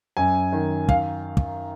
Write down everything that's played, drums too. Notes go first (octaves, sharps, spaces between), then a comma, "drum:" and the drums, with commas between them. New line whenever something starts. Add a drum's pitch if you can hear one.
F#2 G#5
D#3
F5, drum: kick
drum: kick